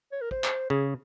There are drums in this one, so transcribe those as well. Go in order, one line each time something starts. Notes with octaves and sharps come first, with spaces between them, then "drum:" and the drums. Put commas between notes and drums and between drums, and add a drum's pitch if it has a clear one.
C#5
A#4
C5, drum: kick
drum: clap
C#3 G#4